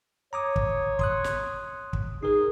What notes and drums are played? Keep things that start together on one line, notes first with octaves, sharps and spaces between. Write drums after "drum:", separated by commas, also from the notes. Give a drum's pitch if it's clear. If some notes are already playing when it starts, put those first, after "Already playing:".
C#5 A#5 D6 D#6
drum: kick
C6 D#6 F#6, drum: kick
drum: snare
drum: kick
D#4 G#4 A#4